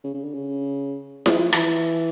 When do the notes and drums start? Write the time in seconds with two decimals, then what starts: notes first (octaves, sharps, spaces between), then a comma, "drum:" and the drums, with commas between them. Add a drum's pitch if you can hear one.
0.04 C#3
0.14 C#3
0.24 D3
0.34 C#3
1.26 F3, drum: snare E4
1.39 F3
1.53 E3, drum: rim click